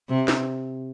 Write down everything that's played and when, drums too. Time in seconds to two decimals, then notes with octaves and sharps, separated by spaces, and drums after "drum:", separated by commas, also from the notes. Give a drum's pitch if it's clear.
0.09 C3
0.28 drum: snare